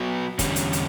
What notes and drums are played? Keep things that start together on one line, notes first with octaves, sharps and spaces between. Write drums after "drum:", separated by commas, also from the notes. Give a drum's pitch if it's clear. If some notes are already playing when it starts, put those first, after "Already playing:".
Already playing: F#3 B3 F#4
E2 D3 G3 C#4, drum: kick, hi-hat
drum: hi-hat
drum: hi-hat